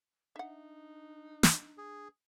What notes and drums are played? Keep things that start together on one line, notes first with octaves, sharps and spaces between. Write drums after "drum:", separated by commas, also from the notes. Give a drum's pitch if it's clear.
D4 D#4 E5 F#5
drum: snare
G#4